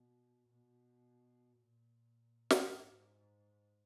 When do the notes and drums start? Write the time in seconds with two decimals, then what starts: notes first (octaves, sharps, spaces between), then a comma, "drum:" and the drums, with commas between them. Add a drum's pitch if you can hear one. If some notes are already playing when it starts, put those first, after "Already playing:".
Already playing: B2
0.47 B2
1.57 A#2
2.50 drum: snare
2.68 G#2